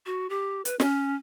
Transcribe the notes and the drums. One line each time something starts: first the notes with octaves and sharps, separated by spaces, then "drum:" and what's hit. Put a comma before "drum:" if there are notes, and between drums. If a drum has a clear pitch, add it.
F#4
G4
B4, drum: hi-hat
C#4, drum: snare